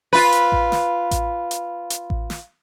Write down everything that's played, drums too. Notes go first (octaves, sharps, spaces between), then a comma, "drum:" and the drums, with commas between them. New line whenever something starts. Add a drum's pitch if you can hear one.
F4 B4
drum: hi-hat
drum: kick A1
drum: snare
drum: kick A1, hi-hat
drum: hi-hat
drum: hi-hat
drum: kick A1
drum: snare